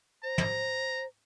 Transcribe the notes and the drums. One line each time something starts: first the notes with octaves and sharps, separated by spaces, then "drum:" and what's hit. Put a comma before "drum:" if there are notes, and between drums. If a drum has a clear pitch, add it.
C5 A#5
drum: tom